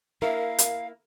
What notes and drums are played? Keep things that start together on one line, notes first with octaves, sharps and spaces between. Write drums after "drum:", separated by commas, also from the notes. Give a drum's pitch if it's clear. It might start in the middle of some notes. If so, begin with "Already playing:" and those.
A#3 E4 A#4 F5
drum: hi-hat